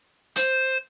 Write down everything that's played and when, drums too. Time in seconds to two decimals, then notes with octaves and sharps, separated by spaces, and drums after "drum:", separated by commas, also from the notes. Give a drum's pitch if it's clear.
0.36 C5, drum: hi-hat